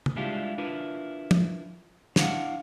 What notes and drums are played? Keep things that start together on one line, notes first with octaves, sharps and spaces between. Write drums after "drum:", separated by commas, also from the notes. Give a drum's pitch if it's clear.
drum: tom
G3 G#3 D4 E4 F4 G4
D4 E4 F4 A#4 B4
drum: tom
D4 E4 F5 F#5, drum: snare